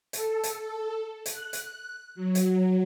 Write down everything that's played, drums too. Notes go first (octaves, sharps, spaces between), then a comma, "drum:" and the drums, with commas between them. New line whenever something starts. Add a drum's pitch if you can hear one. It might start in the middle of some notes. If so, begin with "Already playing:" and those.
A4, drum: hi-hat
drum: hi-hat
F#6, drum: hi-hat
drum: hi-hat
F#3
drum: hi-hat